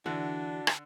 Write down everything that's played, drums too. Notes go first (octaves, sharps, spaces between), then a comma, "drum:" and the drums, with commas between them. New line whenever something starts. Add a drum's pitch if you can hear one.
D3 E3 D4 F#4
drum: rim click